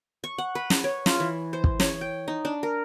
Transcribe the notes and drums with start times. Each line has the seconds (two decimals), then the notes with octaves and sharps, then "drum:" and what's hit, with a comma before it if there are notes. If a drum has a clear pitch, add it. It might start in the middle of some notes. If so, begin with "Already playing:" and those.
0.24 C#6
0.38 F#5
0.55 B4
0.70 drum: snare
0.84 C#5
1.06 F4, drum: snare
1.20 E3
1.53 C5
1.64 drum: kick
1.80 C#5, drum: snare
2.01 G5
2.28 D#4
2.45 D4
2.63 A#4